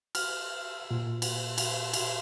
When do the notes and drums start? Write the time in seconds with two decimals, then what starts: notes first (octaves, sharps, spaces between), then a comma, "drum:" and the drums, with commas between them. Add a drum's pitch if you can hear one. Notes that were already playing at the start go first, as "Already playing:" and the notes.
0.15 F6, drum: cymbal
0.91 A#2
1.22 drum: cymbal
1.58 drum: cymbal
1.93 drum: cymbal